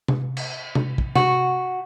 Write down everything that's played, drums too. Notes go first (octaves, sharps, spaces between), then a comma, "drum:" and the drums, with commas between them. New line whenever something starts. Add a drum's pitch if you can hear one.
drum: tom C3
drum: cymbal
drum: tom C3
drum: kick
F#4, drum: tom C3